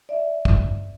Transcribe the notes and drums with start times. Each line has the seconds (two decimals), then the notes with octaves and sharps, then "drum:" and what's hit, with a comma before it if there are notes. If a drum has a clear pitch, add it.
0.09 D5 E5
0.45 drum: kick